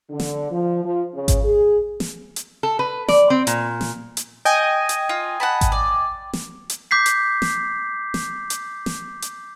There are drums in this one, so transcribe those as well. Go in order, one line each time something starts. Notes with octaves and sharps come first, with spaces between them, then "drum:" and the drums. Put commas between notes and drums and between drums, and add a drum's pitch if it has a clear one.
D3
drum: snare
F3
F3
C#3
drum: kick G#1, hi-hat
G#4
drum: snare
drum: hi-hat
A4
B4
D5, drum: snare
C4
A#2, drum: hi-hat
drum: snare
drum: hi-hat
D#5 G5 G#5
drum: hi-hat
F4
F#5 A5 B5
drum: kick G#1, hi-hat
D5
drum: snare
drum: hi-hat
D6 G6 B6 C7
drum: hi-hat
drum: snare
drum: snare
drum: hi-hat
drum: snare
drum: hi-hat